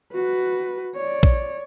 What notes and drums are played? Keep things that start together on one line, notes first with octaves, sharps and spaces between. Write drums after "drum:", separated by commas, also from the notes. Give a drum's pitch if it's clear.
F#4 B4
C#5 D5
drum: kick